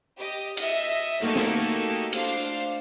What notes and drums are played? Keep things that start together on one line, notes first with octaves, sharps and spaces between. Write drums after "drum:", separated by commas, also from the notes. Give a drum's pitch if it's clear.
G4 D#5
D#5 E5, drum: cymbal
A3 A#3 D#4 F#4 G4 A4
drum: snare
D4 C5 F5, drum: cymbal